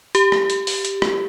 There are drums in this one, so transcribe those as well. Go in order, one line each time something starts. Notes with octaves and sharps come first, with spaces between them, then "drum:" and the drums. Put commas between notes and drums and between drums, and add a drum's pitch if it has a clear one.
G4, drum: hi-hat
drum: rim click
drum: hi-hat
drum: open hi-hat
drum: hi-hat
drum: rim click